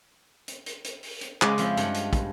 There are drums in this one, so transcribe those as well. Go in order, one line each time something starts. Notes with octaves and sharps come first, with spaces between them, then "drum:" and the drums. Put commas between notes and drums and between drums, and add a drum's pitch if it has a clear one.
drum: hi-hat
drum: hi-hat
drum: hi-hat
drum: open hi-hat
drum: hi-hat
C#3 G#3 D#5 D6, drum: clap
F2 F3 E4, drum: hi-hat
G2 F3 F#5, drum: hi-hat
drum: hi-hat
drum: kick, hi-hat